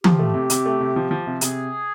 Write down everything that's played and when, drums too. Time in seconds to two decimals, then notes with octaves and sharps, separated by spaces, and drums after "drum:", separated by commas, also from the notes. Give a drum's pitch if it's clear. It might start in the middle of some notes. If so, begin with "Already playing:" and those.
0.04 F3 G4, drum: tom E3
0.19 A3
0.34 C3
0.50 C3, drum: hi-hat
0.66 A3
0.80 C3
0.96 F3
1.11 F3
1.27 C3
1.41 C3 G#4, drum: hi-hat